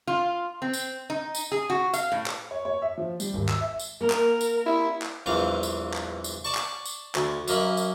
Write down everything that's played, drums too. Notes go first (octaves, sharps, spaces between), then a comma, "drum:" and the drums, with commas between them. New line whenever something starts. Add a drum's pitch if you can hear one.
F4
C4
drum: tambourine
D#4
drum: tambourine
G#4
F#4
F5, drum: tambourine
A2
drum: clap
C#5
C#5
E5
F3
G3, drum: tambourine
G#1
E6, drum: clap
E5
drum: tambourine
A#3 A#4
drum: clap
drum: tambourine
E4
drum: clap
A#1 E2 G2 E3 F5
drum: tambourine
drum: clap
drum: tambourine
D5 A5 C#6
drum: clap
drum: tambourine
D2, drum: clap
F#2 A#3 D#5 B5, drum: tambourine
drum: tambourine